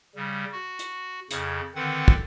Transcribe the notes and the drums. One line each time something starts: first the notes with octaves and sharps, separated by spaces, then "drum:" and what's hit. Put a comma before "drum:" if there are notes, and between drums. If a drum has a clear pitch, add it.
C#3 G3
F#4
drum: hi-hat
F2 C#3, drum: hi-hat
D3 D#3 C4 B4 F#5
drum: kick